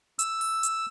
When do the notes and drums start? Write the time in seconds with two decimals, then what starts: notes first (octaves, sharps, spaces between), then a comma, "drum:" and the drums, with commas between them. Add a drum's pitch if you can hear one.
0.19 E6, drum: hi-hat
0.41 drum: open hi-hat
0.63 drum: hi-hat